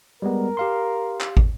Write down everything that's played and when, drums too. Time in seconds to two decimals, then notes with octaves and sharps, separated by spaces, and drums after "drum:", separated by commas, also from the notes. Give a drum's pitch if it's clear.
0.22 G3 G#3 B3 A#4
0.57 G4 F5 C6
1.21 drum: clap
1.37 drum: kick